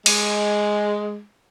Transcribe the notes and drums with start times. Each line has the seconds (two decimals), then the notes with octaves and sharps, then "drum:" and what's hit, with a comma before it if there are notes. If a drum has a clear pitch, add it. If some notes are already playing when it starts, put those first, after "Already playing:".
0.06 G#3, drum: cymbal